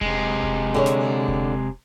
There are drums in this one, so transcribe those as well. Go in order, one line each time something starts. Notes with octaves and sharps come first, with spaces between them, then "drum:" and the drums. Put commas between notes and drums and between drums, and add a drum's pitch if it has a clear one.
C3 G#3, drum: kick E1
drum: kick E1
D3 G#4 C#5
drum: snare
drum: kick E1